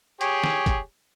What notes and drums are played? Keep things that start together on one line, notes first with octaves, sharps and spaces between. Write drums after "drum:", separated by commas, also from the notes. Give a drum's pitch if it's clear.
G4 G#4 C#5, drum: hi-hat
drum: snare
drum: kick, hi-hat